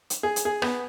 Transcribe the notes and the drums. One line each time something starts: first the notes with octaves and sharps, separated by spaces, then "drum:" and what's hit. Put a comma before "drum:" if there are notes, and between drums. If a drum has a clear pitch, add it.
drum: hi-hat
G#4
drum: hi-hat
G#4
B3, drum: rim click